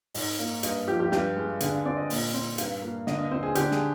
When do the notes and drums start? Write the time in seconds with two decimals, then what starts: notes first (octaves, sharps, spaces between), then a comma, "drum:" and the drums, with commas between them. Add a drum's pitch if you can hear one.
0.14 G#2 D#5, drum: open hi-hat
0.38 A#3 F5
0.63 G2 D#5, drum: hi-hat
0.88 F3 G4
1.00 G4
1.12 G2 G4, drum: snare
1.36 G#3
1.60 D3 G#4, drum: hi-hat
1.73 F5
1.85 C4 D5
1.97 D#5
2.10 A#2, drum: open hi-hat
2.34 C4
2.58 G2 F5, drum: hi-hat
2.82 A#3
3.07 D3 D#5, drum: snare
3.18 D#5
3.31 C4 C5
3.43 G#4
3.55 D3 G4, drum: hi-hat
3.72 G#4, drum: snare